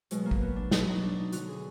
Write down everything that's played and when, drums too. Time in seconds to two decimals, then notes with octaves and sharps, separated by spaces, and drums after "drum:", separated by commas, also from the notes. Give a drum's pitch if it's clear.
0.11 B2 F#3 G#3, drum: hi-hat
0.22 A#3 B3
0.31 drum: kick
0.42 B3
0.56 D4
0.71 B2 F#3 B3, drum: snare
0.87 D#4
1.02 D4
1.18 D#4
1.33 D3 F#3 F#4, drum: hi-hat
1.49 G#4